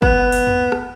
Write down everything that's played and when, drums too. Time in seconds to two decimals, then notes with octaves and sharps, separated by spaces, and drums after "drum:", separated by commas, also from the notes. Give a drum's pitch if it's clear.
0.02 B3, drum: kick
0.32 drum: open hi-hat
0.47 drum: tom
0.72 drum: rim click